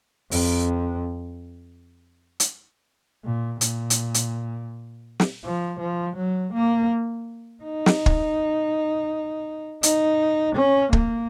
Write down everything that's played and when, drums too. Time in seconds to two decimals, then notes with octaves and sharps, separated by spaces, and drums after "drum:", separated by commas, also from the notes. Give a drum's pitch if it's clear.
0.31 F2, drum: open hi-hat
2.40 drum: hi-hat
3.25 A#2
3.61 A#2, drum: hi-hat
3.90 drum: hi-hat
4.14 drum: hi-hat
5.20 drum: snare
5.44 F3
5.80 F3
6.17 F#3
6.53 A#3
7.63 D#4
7.86 drum: snare
8.06 drum: kick
9.83 D#4, drum: hi-hat
10.55 C#4
10.93 A#3, drum: kick